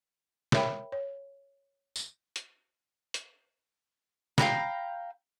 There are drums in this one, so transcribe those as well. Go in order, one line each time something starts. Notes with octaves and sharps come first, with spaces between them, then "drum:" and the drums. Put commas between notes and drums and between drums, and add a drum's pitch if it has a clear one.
A#4 C#5 E5 G5 B5, drum: snare
C#5
drum: tambourine
drum: hi-hat
drum: hi-hat
F5 G5 A#5 B5, drum: snare